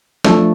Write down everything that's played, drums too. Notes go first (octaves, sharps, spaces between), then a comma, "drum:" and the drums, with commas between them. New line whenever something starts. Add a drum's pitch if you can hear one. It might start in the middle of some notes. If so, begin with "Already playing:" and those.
F3 A3 D4 A4, drum: snare